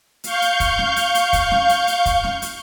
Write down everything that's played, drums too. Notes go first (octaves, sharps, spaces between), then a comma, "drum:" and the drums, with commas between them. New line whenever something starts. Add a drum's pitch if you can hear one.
F5 C#6 G6, drum: hi-hat
drum: hi-hat
drum: kick, hi-hat
drum: snare
drum: hi-hat
drum: hi-hat
drum: kick, hi-hat
drum: snare
drum: hi-hat
drum: hi-hat
drum: kick, hi-hat
drum: snare
drum: hi-hat